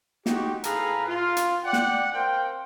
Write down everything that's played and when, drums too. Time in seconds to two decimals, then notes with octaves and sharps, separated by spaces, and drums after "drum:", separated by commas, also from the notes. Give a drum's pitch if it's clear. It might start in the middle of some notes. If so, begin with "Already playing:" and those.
0.26 G#3 D#4 F#4 G4, drum: snare
0.64 A2 G#4 A4 B4 F5 A#5, drum: hi-hat
1.07 F4
1.37 drum: hi-hat
1.64 D5 F#5 G5
1.73 drum: snare
2.13 C4 A#4 F5 G5